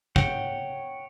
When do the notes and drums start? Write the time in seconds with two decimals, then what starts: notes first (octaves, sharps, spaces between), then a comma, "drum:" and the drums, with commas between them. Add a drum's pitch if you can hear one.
0.16 C#5 F#5 G5, drum: kick